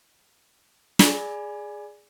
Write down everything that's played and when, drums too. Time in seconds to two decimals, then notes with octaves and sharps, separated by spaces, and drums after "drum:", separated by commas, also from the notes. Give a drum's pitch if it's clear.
0.99 G#4 D5 G#5 B5, drum: snare